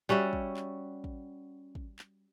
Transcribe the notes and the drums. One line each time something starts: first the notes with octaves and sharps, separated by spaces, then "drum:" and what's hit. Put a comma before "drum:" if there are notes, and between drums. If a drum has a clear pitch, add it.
G3 C#4 F#4 E5
drum: kick
drum: clap
drum: kick
drum: kick
drum: clap